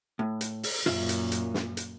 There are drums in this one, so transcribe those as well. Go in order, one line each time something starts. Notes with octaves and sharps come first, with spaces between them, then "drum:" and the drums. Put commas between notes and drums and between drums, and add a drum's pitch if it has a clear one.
A2
drum: hi-hat
drum: open hi-hat
F#2 A#2 F4 E5, drum: tom B2
drum: hi-hat
drum: hi-hat
drum: snare
drum: hi-hat